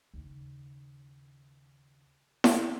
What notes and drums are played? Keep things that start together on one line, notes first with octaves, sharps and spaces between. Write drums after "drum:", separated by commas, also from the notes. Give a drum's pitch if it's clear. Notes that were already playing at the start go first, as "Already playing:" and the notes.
D#2 C#3
drum: snare E4